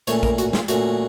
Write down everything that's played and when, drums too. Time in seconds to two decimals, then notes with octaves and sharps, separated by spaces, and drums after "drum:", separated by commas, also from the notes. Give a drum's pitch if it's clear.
0.07 A#2 A3 C#4 C#5, drum: hi-hat
0.23 A#4, drum: kick A#1
0.38 F#4, drum: hi-hat
0.53 F4, drum: snare
0.68 A#2 A3 C#4 F#4, drum: hi-hat